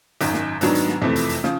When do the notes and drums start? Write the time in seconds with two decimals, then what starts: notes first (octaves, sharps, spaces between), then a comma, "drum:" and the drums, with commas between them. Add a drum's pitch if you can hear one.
0.21 G#1 F#2 D#3, drum: hi-hat
0.34 drum: snare
0.61 G#2 D#3 F#3 B3 D4, drum: hi-hat
0.75 drum: hi-hat
0.88 drum: snare
1.02 F2 C3 E3 A3, drum: tom
1.16 drum: hi-hat
1.29 drum: hi-hat
1.44 C#3 F3, drum: snare